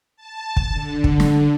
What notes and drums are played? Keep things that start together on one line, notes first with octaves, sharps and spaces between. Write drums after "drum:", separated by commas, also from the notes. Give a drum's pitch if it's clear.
A5
drum: kick
D3
drum: kick
drum: snare